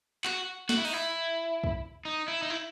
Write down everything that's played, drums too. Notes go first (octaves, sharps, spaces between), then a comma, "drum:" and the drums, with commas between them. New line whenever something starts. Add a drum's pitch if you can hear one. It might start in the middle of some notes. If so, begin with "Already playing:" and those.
F#4, drum: clap
F#4, drum: snare
E4
D#4, drum: open hi-hat
E4
drum: kick
D#4
E4
D#4
E4